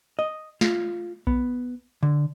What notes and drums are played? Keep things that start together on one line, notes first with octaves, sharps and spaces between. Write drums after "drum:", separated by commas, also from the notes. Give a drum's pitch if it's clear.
D#5
F4, drum: snare
B3, drum: kick A#1
D3